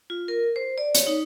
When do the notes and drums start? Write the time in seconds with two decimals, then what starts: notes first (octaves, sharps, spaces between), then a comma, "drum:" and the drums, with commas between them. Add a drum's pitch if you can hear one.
0.10 F4
0.28 A#4
0.56 C5
0.78 D5
0.95 C#5, drum: hi-hat
1.07 D#4